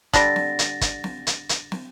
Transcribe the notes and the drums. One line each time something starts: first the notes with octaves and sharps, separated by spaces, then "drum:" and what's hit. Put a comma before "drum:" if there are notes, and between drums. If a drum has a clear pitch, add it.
D3 G3 A6 A#6, drum: kick, hi-hat
drum: snare
drum: hi-hat
drum: kick, hi-hat
drum: snare
drum: hi-hat
drum: hi-hat
drum: snare